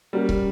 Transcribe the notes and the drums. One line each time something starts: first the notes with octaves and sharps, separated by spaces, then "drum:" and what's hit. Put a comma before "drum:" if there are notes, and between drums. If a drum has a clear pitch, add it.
G3 A#3 C#4 F#4 A#4
drum: kick